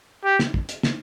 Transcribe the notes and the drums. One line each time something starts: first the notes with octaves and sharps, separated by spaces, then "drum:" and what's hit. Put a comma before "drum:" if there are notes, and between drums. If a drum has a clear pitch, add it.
G4
drum: snare
drum: kick
drum: hi-hat
drum: snare